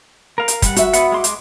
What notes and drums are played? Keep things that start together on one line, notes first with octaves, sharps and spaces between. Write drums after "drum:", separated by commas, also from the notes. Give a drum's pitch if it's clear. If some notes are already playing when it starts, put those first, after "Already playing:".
A#4 F5
drum: hi-hat
G3 F#5, drum: kick, hi-hat
F#4 E5, drum: hi-hat
B3 F#5, drum: hi-hat
G#3 C6 D6
drum: hi-hat